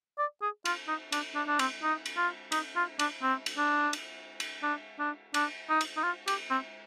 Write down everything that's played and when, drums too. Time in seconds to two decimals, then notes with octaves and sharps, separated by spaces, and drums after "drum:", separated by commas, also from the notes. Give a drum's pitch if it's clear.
0.18 D5
0.42 G#4
0.65 F4, drum: cymbal
0.88 D#4
1.12 D4, drum: cymbal
1.35 D4
1.48 D4
1.59 C4, drum: cymbal
1.83 D#4
2.06 drum: cymbal
2.17 F4
2.52 D#4, drum: cymbal
2.76 F4
2.99 D4, drum: cymbal
3.23 C4
3.46 drum: cymbal
3.58 D4
3.93 drum: cymbal
4.40 drum: cymbal
4.63 D4
4.99 D4
5.34 D4, drum: cymbal
5.70 D#4
5.81 drum: cymbal
5.97 D#4
6.04 F4
6.28 G4, drum: cymbal
6.50 C4